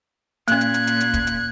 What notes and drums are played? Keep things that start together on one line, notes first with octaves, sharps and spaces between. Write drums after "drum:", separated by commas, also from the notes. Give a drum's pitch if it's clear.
A#2 A#3 C#4 F#6 G#6, drum: hi-hat
drum: hi-hat
drum: hi-hat
drum: hi-hat
drum: hi-hat
drum: kick, hi-hat
drum: hi-hat